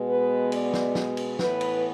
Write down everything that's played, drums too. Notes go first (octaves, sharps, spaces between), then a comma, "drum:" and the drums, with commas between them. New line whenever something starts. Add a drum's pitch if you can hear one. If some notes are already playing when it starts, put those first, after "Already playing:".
Already playing: B2 G#3 B3
B4
D5, drum: cymbal
drum: snare
drum: snare
drum: cymbal
A2 E3 B3 B4, drum: snare
drum: cymbal